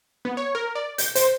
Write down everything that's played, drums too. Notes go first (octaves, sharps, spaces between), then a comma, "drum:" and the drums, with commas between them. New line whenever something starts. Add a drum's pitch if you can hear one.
B3
C#5
A#4
D5
G6, drum: hi-hat
C5, drum: hi-hat